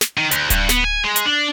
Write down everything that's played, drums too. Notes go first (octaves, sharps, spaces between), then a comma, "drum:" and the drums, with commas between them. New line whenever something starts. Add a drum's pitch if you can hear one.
drum: snare
D#3
D2, drum: hi-hat
G2, drum: kick D1, hi-hat
B3, drum: snare
G#5
G#3
drum: hi-hat
D4